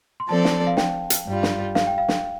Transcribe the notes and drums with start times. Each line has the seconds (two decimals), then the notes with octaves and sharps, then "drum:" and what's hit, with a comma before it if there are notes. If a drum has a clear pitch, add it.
0.20 C6
0.29 F3 C4 A4 D5 A5
0.45 drum: snare
0.67 F5
0.77 G5, drum: snare
1.10 drum: hi-hat
1.27 G2 G3 F4
1.43 drum: snare
1.75 F5, drum: snare
1.87 G5
1.98 F5
2.08 drum: snare